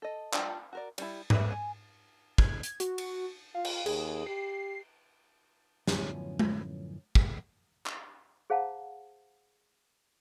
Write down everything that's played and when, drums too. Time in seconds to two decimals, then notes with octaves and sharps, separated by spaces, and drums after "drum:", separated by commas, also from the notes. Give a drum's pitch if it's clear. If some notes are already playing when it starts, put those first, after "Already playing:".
0.02 A4 D#5
0.33 G3 D4 F4 G4, drum: clap
0.73 F#4 A#4 D5
0.98 G3 C#4 E4, drum: cymbal
1.30 G3 B4 E5, drum: tom G#2
1.51 G#5
2.38 G#6, drum: kick
2.63 drum: hi-hat
2.80 F#4, drum: hi-hat
2.98 drum: cymbal
3.55 F4 F5
3.65 drum: cymbal
3.86 D#2 G#4, drum: cymbal
4.27 G4 C7
5.87 F#2 A2 D3 F3 B3 C#4, drum: snare
6.39 drum: tom G#3
7.15 drum: kick
7.86 drum: clap
8.50 G#4 C5 F5 F#5 A5 A#5